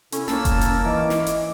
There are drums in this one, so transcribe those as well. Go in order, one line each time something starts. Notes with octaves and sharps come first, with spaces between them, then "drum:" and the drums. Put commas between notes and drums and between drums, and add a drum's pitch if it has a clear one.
C3 B3 C#4 E4 A4, drum: hi-hat
C2 A#3 C#4 A5 E6, drum: snare
drum: kick F1, hi-hat
drum: hi-hat
G#2 E3 C#5 D#5 D6
drum: snare
drum: hi-hat